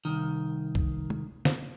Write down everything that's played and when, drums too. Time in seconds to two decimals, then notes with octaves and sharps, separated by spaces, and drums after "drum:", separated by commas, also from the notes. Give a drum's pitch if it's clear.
0.05 C2 D#3
0.75 drum: kick
1.10 drum: tom
1.45 drum: snare